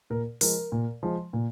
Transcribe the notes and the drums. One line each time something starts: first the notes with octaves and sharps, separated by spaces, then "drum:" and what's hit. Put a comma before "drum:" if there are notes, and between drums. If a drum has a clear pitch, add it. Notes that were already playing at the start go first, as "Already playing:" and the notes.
A#2 A#4
F3 G#3 A#4, drum: open hi-hat
A#2
F3 G#3
A#2